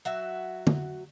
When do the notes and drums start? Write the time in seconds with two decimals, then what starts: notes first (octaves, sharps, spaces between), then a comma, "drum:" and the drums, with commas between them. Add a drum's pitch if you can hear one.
0.05 F#3 F#4 E5
0.67 drum: tom